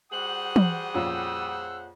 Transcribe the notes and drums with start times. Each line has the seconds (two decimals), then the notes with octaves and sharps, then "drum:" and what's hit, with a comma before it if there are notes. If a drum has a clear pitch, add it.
0.12 G3 F#4 G#4 C5 F#5 D#6 F#7
0.56 drum: tom
0.94 F2 A#2 C#4 E6